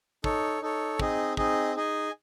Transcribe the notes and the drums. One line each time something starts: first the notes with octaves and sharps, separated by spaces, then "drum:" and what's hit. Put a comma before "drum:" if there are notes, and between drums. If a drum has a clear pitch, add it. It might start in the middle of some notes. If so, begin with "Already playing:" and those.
D#4 A4 C#5, drum: kick
D#4 A4 C#5
C4 D#4 G#4 D#5, drum: kick
C4 D#4 G#4 D#5, drum: kick
D#4 G#4 D#5 G#5